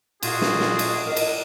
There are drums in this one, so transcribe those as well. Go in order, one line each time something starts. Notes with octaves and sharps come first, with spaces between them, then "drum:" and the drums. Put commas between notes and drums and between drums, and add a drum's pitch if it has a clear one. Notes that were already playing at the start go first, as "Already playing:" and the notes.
A#2 F4 F#4 G#4, drum: cymbal
drum: snare
drum: snare
drum: cymbal
A#4 D5 D#5
drum: cymbal